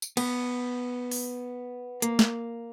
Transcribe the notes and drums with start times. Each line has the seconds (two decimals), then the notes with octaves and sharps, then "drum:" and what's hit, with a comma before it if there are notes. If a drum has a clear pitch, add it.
0.02 drum: tambourine
0.17 B3, drum: cymbal
1.11 drum: open hi-hat
2.02 A#3, drum: hi-hat
2.19 drum: snare